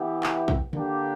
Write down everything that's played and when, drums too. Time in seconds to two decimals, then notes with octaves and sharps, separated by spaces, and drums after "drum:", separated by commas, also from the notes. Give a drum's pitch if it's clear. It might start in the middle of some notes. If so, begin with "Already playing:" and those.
Already playing: E3 B3 E4 G4
0.23 drum: clap
0.48 drum: kick B1
0.73 D3 A#3 D4 G4, drum: tom D3